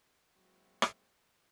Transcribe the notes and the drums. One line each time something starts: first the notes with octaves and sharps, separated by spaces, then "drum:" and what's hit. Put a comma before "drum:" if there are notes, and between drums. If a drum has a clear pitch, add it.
F#3 G#3 A#3 C4 E4 F#4
drum: rim click